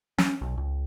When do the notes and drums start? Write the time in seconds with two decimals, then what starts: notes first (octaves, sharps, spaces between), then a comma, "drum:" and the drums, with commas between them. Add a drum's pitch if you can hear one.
0.18 C#4, drum: snare
0.41 B1
0.57 C#2